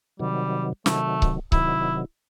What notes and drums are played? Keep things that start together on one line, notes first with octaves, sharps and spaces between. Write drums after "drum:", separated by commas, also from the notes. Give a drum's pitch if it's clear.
C3 D#3 F#3 G3
C3 D#3 F#3 A3, drum: snare
drum: kick C#1
C3 D#3 F#3 E4, drum: kick C#1